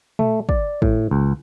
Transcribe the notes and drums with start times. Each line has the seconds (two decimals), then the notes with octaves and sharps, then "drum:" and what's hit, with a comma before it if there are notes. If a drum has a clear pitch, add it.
0.19 A3, drum: tom A#2
0.49 D5, drum: kick
0.82 A2, drum: kick
1.11 C#2